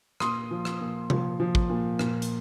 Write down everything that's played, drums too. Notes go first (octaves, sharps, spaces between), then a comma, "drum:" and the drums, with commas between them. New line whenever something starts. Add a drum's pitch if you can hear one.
A#2 C6 D#6, drum: rim click
F3
drum: rim click
A#2
F3, drum: tom C3
F3
drum: kick
A#2
A#2, drum: rim click
drum: hi-hat